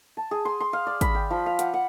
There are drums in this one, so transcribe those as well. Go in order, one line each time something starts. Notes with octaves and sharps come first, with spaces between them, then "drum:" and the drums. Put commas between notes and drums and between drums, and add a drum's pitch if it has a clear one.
A5
G#4
C6
C6
F5
D5
B5, drum: kick, hi-hat
G5
F3
F5
F#5, drum: hi-hat
F#5